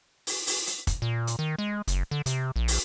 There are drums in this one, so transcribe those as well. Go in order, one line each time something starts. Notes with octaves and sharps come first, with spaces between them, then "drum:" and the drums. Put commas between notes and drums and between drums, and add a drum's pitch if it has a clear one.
drum: open hi-hat
drum: open hi-hat
drum: hi-hat
drum: kick, hi-hat
A#2
drum: hi-hat
D#3
G#3
F#1, drum: hi-hat
D3
C3, drum: hi-hat
A#1
drum: open hi-hat